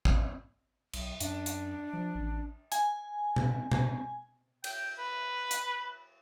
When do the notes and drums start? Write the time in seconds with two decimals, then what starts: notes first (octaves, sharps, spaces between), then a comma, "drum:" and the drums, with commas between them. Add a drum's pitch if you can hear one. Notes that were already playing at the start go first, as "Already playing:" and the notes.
0.05 drum: kick
0.93 B1, drum: cymbal
1.20 F#2 D4, drum: hi-hat
1.46 drum: hi-hat
1.93 F3
2.15 A1
2.72 G#5, drum: hi-hat
3.36 drum: tom B2
3.72 drum: tom B2
4.64 G5, drum: cymbal
4.99 B4
5.51 drum: hi-hat